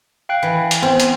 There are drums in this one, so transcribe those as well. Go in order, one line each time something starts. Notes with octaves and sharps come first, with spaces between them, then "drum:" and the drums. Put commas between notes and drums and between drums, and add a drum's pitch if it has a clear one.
F5 G5 F#6
E3
drum: hi-hat
B3 C4
drum: hi-hat